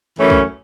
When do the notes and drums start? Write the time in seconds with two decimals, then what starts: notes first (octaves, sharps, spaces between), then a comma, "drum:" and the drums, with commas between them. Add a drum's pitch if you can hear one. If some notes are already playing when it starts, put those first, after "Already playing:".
0.17 F#2 E3 A3 C#4
0.30 drum: kick B1